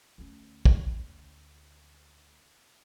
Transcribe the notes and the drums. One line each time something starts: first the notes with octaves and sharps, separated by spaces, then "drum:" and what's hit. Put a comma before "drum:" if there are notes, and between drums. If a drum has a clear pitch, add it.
D2 C#4
drum: kick